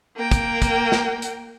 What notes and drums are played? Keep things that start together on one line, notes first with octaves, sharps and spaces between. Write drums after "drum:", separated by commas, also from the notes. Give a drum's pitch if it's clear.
A#3 G5
drum: kick, hi-hat
drum: kick, hi-hat
drum: snare
drum: hi-hat